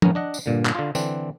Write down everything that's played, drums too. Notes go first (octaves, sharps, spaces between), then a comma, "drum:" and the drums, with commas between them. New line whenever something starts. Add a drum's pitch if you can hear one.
A2 B3 C#4 A#4 A#5, drum: tom F3
D4 D#5 F#5
drum: tambourine
G2 A#2 D3
drum: clap
D3 F4
D3 E3 C4 D4, drum: tambourine